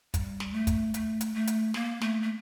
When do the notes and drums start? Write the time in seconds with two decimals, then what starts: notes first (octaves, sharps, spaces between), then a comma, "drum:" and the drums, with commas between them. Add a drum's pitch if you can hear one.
0.14 G3, drum: kick, hi-hat
0.40 drum: snare
0.53 A3
0.67 drum: kick, hi-hat
0.94 A3, drum: hi-hat
1.21 drum: hi-hat
1.34 A3
1.47 drum: hi-hat
1.74 A#3, drum: snare
2.01 A3, drum: snare
2.22 A3